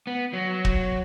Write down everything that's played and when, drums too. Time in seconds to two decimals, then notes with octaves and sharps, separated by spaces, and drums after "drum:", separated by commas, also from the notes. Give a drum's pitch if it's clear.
0.07 B3
0.33 F#3
0.65 drum: kick